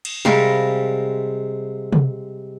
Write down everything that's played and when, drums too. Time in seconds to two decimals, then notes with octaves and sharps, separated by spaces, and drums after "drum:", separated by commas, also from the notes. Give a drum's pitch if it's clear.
0.05 drum: cymbal
0.25 C3 G3 G#3 A#4 F5, drum: snare
1.93 drum: tom